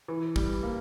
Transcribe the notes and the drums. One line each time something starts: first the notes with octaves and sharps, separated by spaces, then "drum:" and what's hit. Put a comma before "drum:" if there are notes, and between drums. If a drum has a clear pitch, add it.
E3
G3, drum: kick
A#3